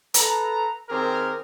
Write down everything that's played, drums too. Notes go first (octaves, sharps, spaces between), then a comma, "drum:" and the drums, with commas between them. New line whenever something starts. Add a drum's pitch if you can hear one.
A4 B4 A#5, drum: hi-hat
D#3 C4 G4 G#4 A#4